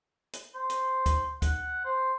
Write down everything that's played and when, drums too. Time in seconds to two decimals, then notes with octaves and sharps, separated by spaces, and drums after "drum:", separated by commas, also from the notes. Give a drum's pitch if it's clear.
0.33 drum: hi-hat
0.55 C5
0.70 drum: hi-hat
1.06 drum: kick, hi-hat
1.42 F#5, drum: kick, hi-hat
1.84 C5